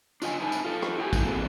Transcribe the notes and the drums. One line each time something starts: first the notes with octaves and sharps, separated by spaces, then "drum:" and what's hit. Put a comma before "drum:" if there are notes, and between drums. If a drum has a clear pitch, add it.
D4 F4 D#5 G5 G#5, drum: tambourine
D#4 B4 G#5 A5
drum: tambourine
F4 A4
drum: rim click
E4 F#4 G4 B4 F5 G#5
drum: kick, tambourine
E3 A#3 C4 G#4 A4 B4